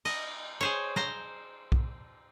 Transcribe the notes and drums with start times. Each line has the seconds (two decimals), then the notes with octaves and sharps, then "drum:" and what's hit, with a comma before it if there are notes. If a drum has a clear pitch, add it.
0.05 D#5, drum: cymbal
0.61 G#4 C5 C#5
0.96 C5 A#5, drum: snare
1.72 drum: kick